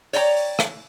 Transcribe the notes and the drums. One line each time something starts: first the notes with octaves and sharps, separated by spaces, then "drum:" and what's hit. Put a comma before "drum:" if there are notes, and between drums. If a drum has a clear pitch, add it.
C#5 D5 G5 A#5, drum: open hi-hat
drum: open hi-hat
drum: rim click